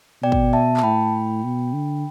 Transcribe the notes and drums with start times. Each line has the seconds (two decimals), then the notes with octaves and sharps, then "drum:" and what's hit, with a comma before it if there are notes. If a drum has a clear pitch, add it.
0.23 B2 D5 G5
0.32 drum: kick
0.53 E5 A5
0.77 A5, drum: clap
0.83 A2 G5 B5
1.44 B2
1.74 D3